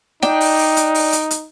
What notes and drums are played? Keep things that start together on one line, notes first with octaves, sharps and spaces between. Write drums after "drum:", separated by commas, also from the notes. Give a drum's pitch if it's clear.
D4 D#4 G5, drum: snare
drum: open hi-hat
drum: open hi-hat
drum: hi-hat
drum: open hi-hat
drum: hi-hat
drum: hi-hat